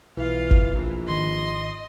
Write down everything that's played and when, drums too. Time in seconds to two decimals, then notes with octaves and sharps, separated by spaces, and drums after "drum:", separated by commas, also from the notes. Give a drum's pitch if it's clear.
0.17 B1 E3 F4 F5
0.51 drum: kick G1
0.75 A#1 E3
1.08 G#1 D#3 D#5 C6